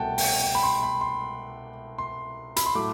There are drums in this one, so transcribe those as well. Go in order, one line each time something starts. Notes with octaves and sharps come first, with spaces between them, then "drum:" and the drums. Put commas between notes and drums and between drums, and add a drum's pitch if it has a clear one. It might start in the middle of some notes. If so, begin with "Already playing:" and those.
Already playing: C2 B2 A3 F#5 G5 A5
G5, drum: open hi-hat
G5
B5
C6
B5
C6
C6
B5, drum: hi-hat
C6
A2 F#3 A3 D6